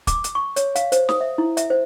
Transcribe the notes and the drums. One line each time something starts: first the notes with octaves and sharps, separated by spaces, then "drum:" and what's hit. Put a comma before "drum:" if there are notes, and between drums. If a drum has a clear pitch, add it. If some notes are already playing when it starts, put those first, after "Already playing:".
D6, drum: kick, hi-hat
drum: hi-hat
C#6
C#5, drum: hi-hat
F5, drum: hi-hat
C5, drum: hi-hat
D#6, drum: snare
E5
E4
E5, drum: hi-hat
C5